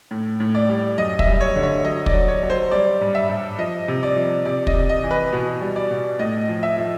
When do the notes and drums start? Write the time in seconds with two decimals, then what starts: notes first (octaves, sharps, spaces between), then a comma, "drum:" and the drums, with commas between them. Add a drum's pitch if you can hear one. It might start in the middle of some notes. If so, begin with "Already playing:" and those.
0.11 A2
0.40 A2
0.55 D5
0.69 G3
0.98 F#2 D#5
1.19 E5, drum: kick
1.27 G3
1.41 C#5
1.56 D3
1.63 C#5
1.84 F#3 D#5
2.06 D5, drum: kick
2.13 F#3
2.28 C#5
2.43 F#3
2.50 C5
2.71 G3 D5
3.01 G2
3.15 E5
3.29 G2
3.59 F3 D#5
3.88 C3
4.03 D5
4.16 F3
4.45 C3 D5
4.67 D#5, drum: kick
4.74 C3
4.89 D#5
5.03 E3
5.11 B4
5.33 B2
5.61 G3
5.76 D5
5.91 B2
6.19 A2 D#5
6.49 F3
6.63 E5
6.78 F3